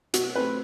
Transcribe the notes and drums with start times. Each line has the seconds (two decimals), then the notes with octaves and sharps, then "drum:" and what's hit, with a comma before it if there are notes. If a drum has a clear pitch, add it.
0.14 B2 F#4, drum: hi-hat
0.35 A3 C4 B4